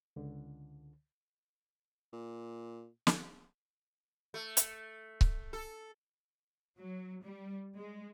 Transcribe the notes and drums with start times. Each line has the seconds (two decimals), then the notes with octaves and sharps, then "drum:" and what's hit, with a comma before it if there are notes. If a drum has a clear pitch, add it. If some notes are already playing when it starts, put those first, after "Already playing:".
0.16 C#2 D3
2.13 A#2
3.07 drum: snare
4.34 A3
4.57 drum: hi-hat
5.21 drum: kick C#1
5.53 A4
6.78 F#3
7.24 G3
7.76 G#3